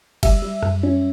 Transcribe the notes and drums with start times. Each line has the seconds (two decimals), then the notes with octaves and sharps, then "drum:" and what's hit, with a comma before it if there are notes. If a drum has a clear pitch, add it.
0.23 G3 E5, drum: kick F#1, cymbal
0.42 G3
0.63 F#2, drum: rim click
0.83 C#4